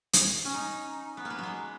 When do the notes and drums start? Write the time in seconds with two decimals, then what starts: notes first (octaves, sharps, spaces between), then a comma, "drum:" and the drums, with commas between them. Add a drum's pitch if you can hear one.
0.13 drum: hi-hat
0.45 C#4
0.54 D#4
1.17 B3
1.25 A#3
1.30 B3
1.39 F#3 G#3